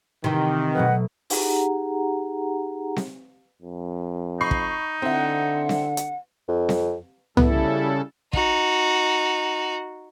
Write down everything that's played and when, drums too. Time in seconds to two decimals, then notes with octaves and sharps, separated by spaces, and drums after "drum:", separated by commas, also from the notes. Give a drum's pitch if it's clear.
0.24 C3 D#3 E3
0.75 B2 F#3 A3 B4 D#5 F#5
1.30 D#4 G4 G#4 F#5 A#5, drum: open hi-hat
2.96 drum: snare C4
3.62 F2
4.41 D#4 B5 C#6 C7
4.51 drum: kick
5.02 D3 C4 E4 F#5
5.69 drum: snare C4
5.97 drum: hi-hat
6.48 F2
6.69 drum: snare C4
7.37 C#3 G3 B3 E4 A4, drum: tom
8.33 D#4 F#4, drum: kick